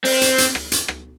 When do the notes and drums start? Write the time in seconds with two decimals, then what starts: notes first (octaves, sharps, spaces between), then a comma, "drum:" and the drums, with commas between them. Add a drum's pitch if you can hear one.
0.05 C4, drum: open hi-hat
0.21 drum: hi-hat
0.38 drum: hi-hat
0.55 drum: rim click
0.72 drum: hi-hat
0.88 drum: rim click